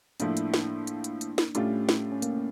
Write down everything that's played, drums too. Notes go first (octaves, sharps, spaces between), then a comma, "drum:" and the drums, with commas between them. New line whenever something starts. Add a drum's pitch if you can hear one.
A2 F3 A3 A#3 D4 E4, drum: hi-hat
drum: hi-hat
drum: snare
drum: hi-hat
drum: hi-hat
drum: hi-hat
drum: snare
A2 G3 A3 C#4 D4 F4, drum: hi-hat
drum: snare
C#4
A#3, drum: hi-hat